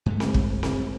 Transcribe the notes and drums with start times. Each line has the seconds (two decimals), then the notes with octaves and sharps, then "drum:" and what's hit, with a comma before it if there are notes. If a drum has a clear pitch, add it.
0.06 G2 G#3 A3
0.20 drum: snare C4
0.34 drum: kick
0.63 drum: snare C4